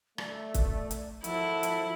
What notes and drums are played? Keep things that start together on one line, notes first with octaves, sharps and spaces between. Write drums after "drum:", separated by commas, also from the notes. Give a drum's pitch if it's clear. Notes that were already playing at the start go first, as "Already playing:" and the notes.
A3 D5, drum: rim click
drum: kick, hi-hat
drum: hi-hat
G#1 F3 E4 F#4 A4, drum: hi-hat
drum: hi-hat